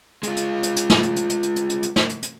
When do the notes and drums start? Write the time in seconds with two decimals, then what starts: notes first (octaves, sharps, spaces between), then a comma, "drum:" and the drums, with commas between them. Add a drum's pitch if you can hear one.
0.23 G#3 F4, drum: hi-hat
0.36 drum: hi-hat
0.63 drum: hi-hat
0.76 drum: hi-hat
0.90 drum: snare
1.03 drum: hi-hat
1.16 drum: hi-hat
1.29 drum: hi-hat
1.43 drum: hi-hat
1.56 drum: hi-hat
1.69 drum: hi-hat
1.83 drum: hi-hat
1.96 drum: snare
2.09 drum: hi-hat
2.23 drum: hi-hat